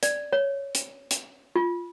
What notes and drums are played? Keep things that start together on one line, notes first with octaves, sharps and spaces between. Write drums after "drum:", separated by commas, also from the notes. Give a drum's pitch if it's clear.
D5, drum: hi-hat
C#5
drum: hi-hat
drum: hi-hat
F4